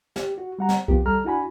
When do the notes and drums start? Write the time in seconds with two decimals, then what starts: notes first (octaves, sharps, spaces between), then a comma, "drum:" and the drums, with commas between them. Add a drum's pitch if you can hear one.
0.16 G4, drum: snare
0.38 F#4
0.59 G3 F#5 A#5
0.69 drum: snare
0.88 F3 A#3 B3 G4, drum: kick C2
1.05 D#2 G3 A4 A#5 F6
1.24 D4 E4 F#4 G#5 B5